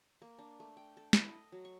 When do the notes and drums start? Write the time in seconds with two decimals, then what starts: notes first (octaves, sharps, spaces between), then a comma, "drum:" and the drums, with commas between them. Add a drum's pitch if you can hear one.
0.22 A#3
0.39 D4
0.60 A3
0.77 G5
0.97 A4
1.13 E4, drum: snare
1.29 D#5
1.52 F#3
1.65 C#6